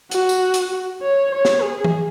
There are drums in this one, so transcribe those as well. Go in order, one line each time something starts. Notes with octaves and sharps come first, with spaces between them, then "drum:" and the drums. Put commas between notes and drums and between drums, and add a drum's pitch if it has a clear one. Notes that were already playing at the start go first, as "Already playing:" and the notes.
F#4, drum: hi-hat
drum: tambourine
drum: hi-hat
C#5
C#5
drum: snare
G#4
drum: tom E3